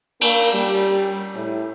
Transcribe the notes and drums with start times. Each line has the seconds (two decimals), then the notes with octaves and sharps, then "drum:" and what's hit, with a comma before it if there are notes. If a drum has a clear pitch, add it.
0.21 A#3, drum: cymbal
0.54 G3
1.35 A2